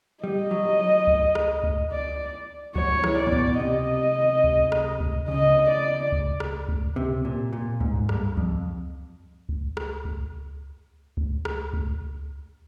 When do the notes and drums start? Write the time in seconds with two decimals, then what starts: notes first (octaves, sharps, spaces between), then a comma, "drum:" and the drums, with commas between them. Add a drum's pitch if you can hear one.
0.24 G3 D#5
0.51 F#3
1.07 drum: kick C#2
1.35 drum: rim click
1.63 drum: kick C#2
1.92 D5
2.75 F#3 C#5, drum: kick C#2
3.04 E3, drum: rim click
3.18 D5
3.26 A#2
3.32 B2, drum: kick C#2
3.60 C3 D#5
4.44 drum: kick C#2
4.72 drum: rim click
5.00 drum: kick C#2
5.28 C#3 D#5
5.70 D5
6.12 drum: kick C#2
6.40 drum: rim click
6.68 drum: kick C#2
6.96 C3
7.25 A#2
7.53 A#2
7.80 G#2, drum: kick C#2
8.09 G2, drum: rim click
8.37 F2, drum: kick C#2
9.49 drum: kick C#2
9.77 drum: rim click
10.05 drum: kick C#2
11.17 drum: kick C#2
11.45 drum: rim click
11.73 drum: kick C#2